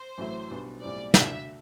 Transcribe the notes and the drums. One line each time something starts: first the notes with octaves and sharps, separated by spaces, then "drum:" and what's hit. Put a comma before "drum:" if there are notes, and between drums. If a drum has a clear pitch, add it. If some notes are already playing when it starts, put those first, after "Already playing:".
Already playing: C5
A1 A2 F#3 A3 E4
B1 B2 G3 D4
B1 A2 G3 C4 D5
D3 A3 D4 F#4 E5, drum: snare